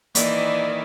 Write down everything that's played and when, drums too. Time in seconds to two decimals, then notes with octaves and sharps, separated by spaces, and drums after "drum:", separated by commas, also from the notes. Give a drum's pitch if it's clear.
0.15 D#3 E3 A#3 D5, drum: hi-hat